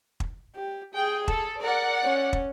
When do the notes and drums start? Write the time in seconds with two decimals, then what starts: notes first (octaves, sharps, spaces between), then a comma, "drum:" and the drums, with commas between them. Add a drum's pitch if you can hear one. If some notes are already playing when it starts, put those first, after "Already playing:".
0.20 drum: kick
0.56 G4
0.95 G#4 G5
1.28 A4, drum: kick
1.62 A#4 D5 F#5
2.03 C#4
2.33 drum: kick